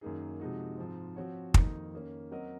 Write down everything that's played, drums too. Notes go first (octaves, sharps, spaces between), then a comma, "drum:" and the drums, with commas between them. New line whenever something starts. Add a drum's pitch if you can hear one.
F#2 D#3 A#3 D#4 G#4
C3 F3 G#3 D#4 F#4
G#2 F3 C4
F3 C4 F#4 C#5
F2 D#3 A#3 D#4, drum: kick
D#3 A#3 C#4
F#3 C4 F#4 A#4 D#5